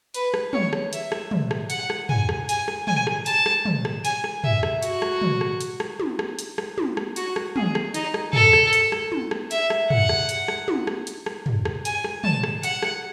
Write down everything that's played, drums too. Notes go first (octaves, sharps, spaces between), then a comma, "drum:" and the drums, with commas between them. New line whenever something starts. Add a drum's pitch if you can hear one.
B4, drum: hi-hat
drum: rim click
C#5, drum: tom
drum: rim click
E5, drum: hi-hat
drum: rim click
drum: tom
drum: rim click
F#5, drum: hi-hat
drum: rim click
G#5, drum: tom
drum: rim click
G#5, drum: hi-hat
drum: rim click
G#5, drum: tom
drum: rim click
A5, drum: hi-hat
drum: rim click
drum: tom
drum: rim click
G#5, drum: hi-hat
drum: rim click
E5, drum: tom
drum: rim click
F#4, drum: hi-hat
drum: rim click
drum: tom
drum: rim click
drum: hi-hat
drum: rim click
drum: tom
drum: rim click
drum: hi-hat
drum: rim click
drum: tom
drum: rim click
F#4, drum: hi-hat
drum: rim click
G#4, drum: tom
drum: rim click
D#4, drum: hi-hat
drum: rim click
A4, drum: tom
drum: rim click
drum: hi-hat
drum: rim click
drum: tom
drum: rim click
E5, drum: hi-hat
drum: rim click
F#5, drum: tom
drum: rim click
drum: hi-hat
drum: rim click
drum: tom
drum: rim click
drum: hi-hat
drum: rim click
drum: tom
drum: rim click
G#5, drum: hi-hat
drum: rim click
A5, drum: tom
drum: rim click
F#5, drum: hi-hat
drum: rim click